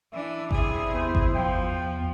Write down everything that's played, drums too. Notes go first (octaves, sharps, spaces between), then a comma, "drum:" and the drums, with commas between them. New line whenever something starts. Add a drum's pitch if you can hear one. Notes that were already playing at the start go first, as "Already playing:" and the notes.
E3 D4 E5
C3 E4 G#4, drum: kick G#1
E2 C5
drum: kick G#1
F3 G5